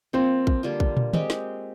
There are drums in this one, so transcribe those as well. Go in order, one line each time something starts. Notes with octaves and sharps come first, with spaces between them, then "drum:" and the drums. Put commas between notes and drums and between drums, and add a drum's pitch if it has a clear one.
F3 A#3 C4 F4
drum: kick
D3 G3 A#3 F4
drum: kick
drum: tom
G#3 C4 G4, drum: tom
drum: snare